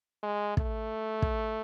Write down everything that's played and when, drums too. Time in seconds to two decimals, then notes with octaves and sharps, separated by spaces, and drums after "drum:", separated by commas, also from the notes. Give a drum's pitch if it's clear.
0.23 G#3
0.57 A3, drum: kick
1.22 drum: kick